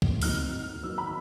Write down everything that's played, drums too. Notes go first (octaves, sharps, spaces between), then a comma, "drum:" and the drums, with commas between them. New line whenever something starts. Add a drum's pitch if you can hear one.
drum: kick
A#2 F#3 A3 C4 D#4 F6, drum: open hi-hat
D#3 F#3 B3 D#4 E6
B5